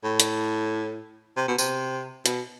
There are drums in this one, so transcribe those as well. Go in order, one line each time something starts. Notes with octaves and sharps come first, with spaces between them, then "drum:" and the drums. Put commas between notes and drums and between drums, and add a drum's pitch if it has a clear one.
A2
drum: hi-hat
C3
B2
C3, drum: tambourine
B2, drum: hi-hat